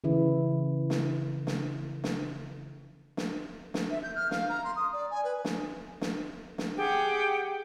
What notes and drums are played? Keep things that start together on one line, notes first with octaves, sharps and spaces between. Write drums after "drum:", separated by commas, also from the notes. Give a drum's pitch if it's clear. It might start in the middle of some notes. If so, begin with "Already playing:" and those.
C#3 E3 E4
drum: snare
drum: snare
drum: snare
drum: snare
drum: snare
E5
G6
F6
F5, drum: snare
A#5
C6
D#6
D5
G#5
B4
drum: snare
drum: snare
drum: snare
G4 G#4 F#5 G5